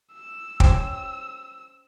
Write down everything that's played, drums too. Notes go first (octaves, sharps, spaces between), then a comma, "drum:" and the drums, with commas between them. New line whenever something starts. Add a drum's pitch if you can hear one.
E6
C#4 G4 C5, drum: kick